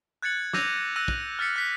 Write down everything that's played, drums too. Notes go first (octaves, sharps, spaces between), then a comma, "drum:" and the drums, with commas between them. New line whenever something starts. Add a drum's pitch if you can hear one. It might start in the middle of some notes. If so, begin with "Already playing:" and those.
F#6 G#6 A6 C#7 F#7
D6 E6 G6 A#6 D#7 F7, drum: snare
E6 F#6 A#6 D#7
drum: kick
F6 A6 B6 C#7
F#6 B6